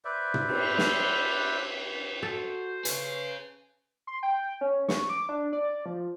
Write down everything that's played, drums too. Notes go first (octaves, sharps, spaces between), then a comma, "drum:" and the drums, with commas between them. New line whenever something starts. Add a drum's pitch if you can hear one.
B4 C5 D5 E5
drum: tom
drum: cymbal
drum: snare
F#4 A4 C5
G#4 B4 C#5, drum: hi-hat
C6
G5
C#4
C#6, drum: snare
D6
D4
D5
F3